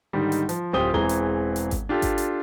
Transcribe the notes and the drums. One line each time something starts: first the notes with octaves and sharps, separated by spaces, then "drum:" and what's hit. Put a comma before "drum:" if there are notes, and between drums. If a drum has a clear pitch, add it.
G#2 D3 D#3 G3
drum: hi-hat
F3, drum: hi-hat
D1 C4 F4 G4 D#6 G7
E1 E3 C4 G#4 A#5 G7
drum: hi-hat
drum: hi-hat
drum: kick G#1, hi-hat
D4 F4 G4 A4
drum: kick G#1, hi-hat
drum: hi-hat